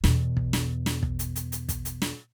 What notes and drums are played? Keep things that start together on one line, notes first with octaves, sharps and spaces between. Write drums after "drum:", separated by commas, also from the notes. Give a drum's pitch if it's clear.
E2 B2, drum: snare
drum: kick
drum: snare
drum: snare
drum: kick
drum: hi-hat
drum: hi-hat
drum: hi-hat
drum: kick, hi-hat
drum: hi-hat
drum: snare